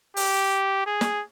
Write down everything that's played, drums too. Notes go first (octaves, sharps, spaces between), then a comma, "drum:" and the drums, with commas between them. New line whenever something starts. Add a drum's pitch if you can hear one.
G4, drum: open hi-hat
G#4
drum: snare